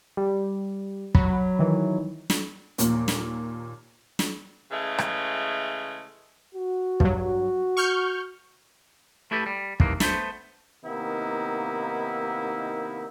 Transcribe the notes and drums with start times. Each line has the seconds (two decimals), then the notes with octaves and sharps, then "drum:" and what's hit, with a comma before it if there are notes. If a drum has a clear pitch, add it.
0.17 G3
1.15 F#3 B5, drum: kick
1.59 D#3 E3
2.30 drum: snare
2.78 D#2 A#2 A#3, drum: hi-hat
3.08 drum: snare
4.19 drum: snare
4.70 C#3 E3 G#3 A3
4.98 drum: rim click
6.55 F#4
7.00 G2 F#3, drum: kick
7.77 C#6 F6 G6
9.31 A3 E4 G4 A4 B4
9.46 G3
9.80 D#2 A2 C3 D#3 E3 A#3, drum: kick
10.00 A3 B3 C5, drum: snare
10.85 C3 D#3 A#3 B3 D#4 E4